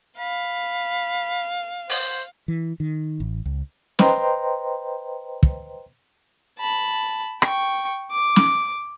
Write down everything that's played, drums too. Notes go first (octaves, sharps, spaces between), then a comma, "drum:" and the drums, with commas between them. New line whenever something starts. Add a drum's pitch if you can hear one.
F5 B5
C5, drum: open hi-hat
E3
D#3
A1
C#2
B4 C5 D#5 G5 A#5 C6, drum: snare
drum: kick
A5 B5
G5 C#6, drum: rim click
D6
drum: snare